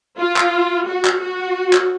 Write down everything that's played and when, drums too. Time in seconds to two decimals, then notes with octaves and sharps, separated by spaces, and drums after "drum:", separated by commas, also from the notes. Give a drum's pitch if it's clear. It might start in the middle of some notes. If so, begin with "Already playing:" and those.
0.19 F4
0.36 drum: clap
0.87 F#4
1.05 drum: clap
1.22 F#4
1.73 drum: clap